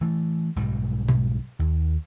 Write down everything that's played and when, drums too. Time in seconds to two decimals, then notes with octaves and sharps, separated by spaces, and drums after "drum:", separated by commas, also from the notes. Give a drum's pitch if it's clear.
0.01 E3 A3
0.56 B1 G#2 F#3 G3
1.08 drum: tom B2
1.59 D#2